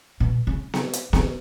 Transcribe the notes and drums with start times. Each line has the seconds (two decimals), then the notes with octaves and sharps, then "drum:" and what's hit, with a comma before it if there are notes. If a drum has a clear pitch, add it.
0.20 B2
0.47 C#3
0.74 drum: snare B3
0.93 drum: hi-hat
1.13 C#3, drum: snare B3